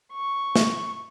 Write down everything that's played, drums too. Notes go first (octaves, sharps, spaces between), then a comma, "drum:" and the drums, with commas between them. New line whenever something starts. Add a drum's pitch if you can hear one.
C#6
drum: snare